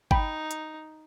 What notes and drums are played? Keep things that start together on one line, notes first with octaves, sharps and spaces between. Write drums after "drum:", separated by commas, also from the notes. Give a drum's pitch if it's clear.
D#4 G5 B5, drum: kick G1
drum: hi-hat